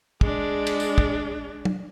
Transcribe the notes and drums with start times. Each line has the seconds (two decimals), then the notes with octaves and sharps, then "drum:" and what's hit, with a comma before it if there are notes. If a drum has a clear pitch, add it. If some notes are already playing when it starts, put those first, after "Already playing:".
0.21 G#3 D4, drum: kick
0.67 drum: cymbal
0.80 drum: tambourine
0.98 drum: kick
1.65 drum: tom